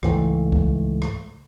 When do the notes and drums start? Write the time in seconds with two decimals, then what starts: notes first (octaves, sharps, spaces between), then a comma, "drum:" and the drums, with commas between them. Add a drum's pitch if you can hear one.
0.03 C#2 G#2 E3 A3, drum: rim click
0.52 drum: kick C2
1.02 drum: rim click